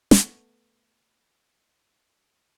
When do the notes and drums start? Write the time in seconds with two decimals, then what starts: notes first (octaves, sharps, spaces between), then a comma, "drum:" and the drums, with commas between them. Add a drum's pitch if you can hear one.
0.11 A3 B3, drum: snare